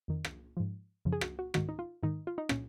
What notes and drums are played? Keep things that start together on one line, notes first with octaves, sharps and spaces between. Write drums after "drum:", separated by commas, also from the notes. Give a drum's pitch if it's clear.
F2 D#3
drum: rim click
G#2 F3
F#2 C#3 F3
G#4
F#4, drum: rim click
F#4
G#2 D#3 F#4, drum: rim click
D#4
F4
G#2 D#3 D#4
F4
D#4
A#2 C#4, drum: rim click